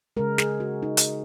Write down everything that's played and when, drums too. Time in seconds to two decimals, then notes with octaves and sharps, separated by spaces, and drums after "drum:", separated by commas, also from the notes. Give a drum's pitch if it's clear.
0.17 C#3 G#3 A#4
0.38 G#4, drum: snare
0.60 F#4
0.83 D#4
0.97 drum: hi-hat